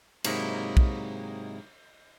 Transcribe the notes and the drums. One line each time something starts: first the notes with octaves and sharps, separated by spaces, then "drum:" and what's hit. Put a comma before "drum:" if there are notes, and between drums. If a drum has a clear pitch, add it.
G#2 C3 F#3 A#3 D#4 E4, drum: cymbal
drum: kick